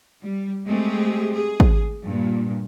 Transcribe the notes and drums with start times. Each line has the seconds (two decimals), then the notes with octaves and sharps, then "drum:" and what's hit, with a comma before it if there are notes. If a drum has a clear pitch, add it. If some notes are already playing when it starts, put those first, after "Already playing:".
0.23 G3
0.66 G#3 A3 C4 G4 G#4
1.34 G#4
1.60 drum: kick
2.06 G2 A#2